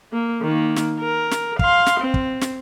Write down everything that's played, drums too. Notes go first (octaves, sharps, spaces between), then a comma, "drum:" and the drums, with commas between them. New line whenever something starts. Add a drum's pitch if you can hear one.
A#3
D#3 A#3
drum: snare
A#4
drum: snare
F5 C6, drum: kick
drum: snare
C4
drum: kick
drum: snare